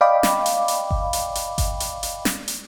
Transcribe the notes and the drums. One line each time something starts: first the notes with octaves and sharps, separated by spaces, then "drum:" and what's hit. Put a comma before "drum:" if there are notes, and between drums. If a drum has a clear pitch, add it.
D5 D#5 F5 G5 B5 D6
drum: snare
drum: hi-hat
drum: hi-hat
drum: kick G1
drum: hi-hat
drum: hi-hat
drum: kick G1, hi-hat
drum: hi-hat
drum: hi-hat
drum: snare
drum: hi-hat